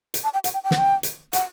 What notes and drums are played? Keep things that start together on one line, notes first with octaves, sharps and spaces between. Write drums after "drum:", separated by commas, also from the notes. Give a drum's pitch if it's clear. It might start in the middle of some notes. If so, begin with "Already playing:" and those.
drum: hi-hat
A5
G5
F#5, drum: hi-hat
G5
G5
F#5, drum: snare
G5
drum: hi-hat
F#5, drum: hi-hat